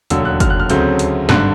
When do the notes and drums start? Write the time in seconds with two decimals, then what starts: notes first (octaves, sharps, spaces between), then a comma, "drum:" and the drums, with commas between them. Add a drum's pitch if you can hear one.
0.10 E1 D#2 D3 F#3 E6, drum: hi-hat
0.25 F#6
0.40 F6, drum: kick, hi-hat
0.50 F#6
0.60 F6
0.70 D2 C#3 F#3 A3 C4 G6, drum: hi-hat
0.99 drum: hi-hat
1.29 G#1 G2 D3 F#6, drum: snare